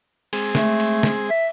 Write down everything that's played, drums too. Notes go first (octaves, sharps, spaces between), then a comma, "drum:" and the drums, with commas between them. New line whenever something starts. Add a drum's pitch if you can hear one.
G#3 C4 G#4, drum: cymbal
A3, drum: snare
drum: cymbal
drum: snare
E5